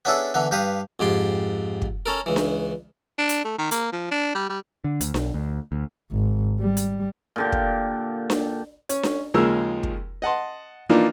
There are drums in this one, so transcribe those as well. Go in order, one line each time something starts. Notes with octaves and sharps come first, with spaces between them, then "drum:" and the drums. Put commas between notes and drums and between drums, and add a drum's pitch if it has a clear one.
B3 C#4 D4 E4 G#4 A4
D3 E3 B3
G2 G4 B4 F5 D#6
F2 G#2 G4 C6
drum: kick
C#4 A4 A#4
C#2 E3
drum: snare D4
D4
drum: hi-hat
A3
D#3
A#3, drum: hi-hat
F3
D4
G3
G3
D3
D2, drum: hi-hat
B1, drum: snare D4
D2
D2
G#1
G3
drum: hi-hat
A#2 D3 G4
drum: kick
drum: snare D4
C#4, drum: hi-hat
drum: snare D4
D#2 C#3 F3 G#3 A#4 E6
drum: kick
D#5 F#5 A5 C6
E3 F3 A#3 D4 D#4 F4